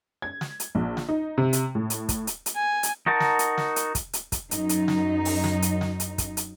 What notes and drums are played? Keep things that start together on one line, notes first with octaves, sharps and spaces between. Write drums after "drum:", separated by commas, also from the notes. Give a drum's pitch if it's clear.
G#6
drum: snare
drum: hi-hat
A#1
drum: snare
D#4
C3
drum: hi-hat
A2
drum: hi-hat
drum: kick, hi-hat
drum: hi-hat
drum: hi-hat
G#5
drum: hi-hat
D#4 F#4 A#4 A5
drum: snare
drum: hi-hat
drum: snare
drum: hi-hat
drum: kick, hi-hat
drum: hi-hat
drum: kick, hi-hat
F#2 D#4, drum: hi-hat
drum: hi-hat
drum: snare
drum: open hi-hat
drum: snare
drum: hi-hat
drum: snare
drum: hi-hat
drum: kick, hi-hat
drum: hi-hat